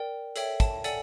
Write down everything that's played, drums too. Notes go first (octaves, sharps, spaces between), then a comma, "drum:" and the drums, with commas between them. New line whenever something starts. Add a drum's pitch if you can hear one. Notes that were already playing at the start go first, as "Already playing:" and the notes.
Already playing: A#4 D5 G5
A4 C#5 E5 G5, drum: hi-hat
A5, drum: kick, hi-hat
A4 D5 F#5 G#5, drum: hi-hat